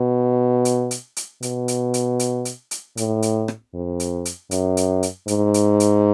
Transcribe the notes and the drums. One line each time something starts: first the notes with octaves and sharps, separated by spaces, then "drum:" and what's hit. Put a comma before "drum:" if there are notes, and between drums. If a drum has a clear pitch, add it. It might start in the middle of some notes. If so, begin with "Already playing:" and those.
Already playing: B2
drum: hi-hat
drum: hi-hat
drum: hi-hat
B2, drum: hi-hat
drum: hi-hat
drum: hi-hat
drum: hi-hat
drum: hi-hat
drum: hi-hat
A2, drum: hi-hat
drum: hi-hat
drum: rim click
F2
drum: hi-hat
drum: hi-hat
F#2, drum: hi-hat
drum: hi-hat
drum: hi-hat
G#2, drum: hi-hat
drum: hi-hat
drum: hi-hat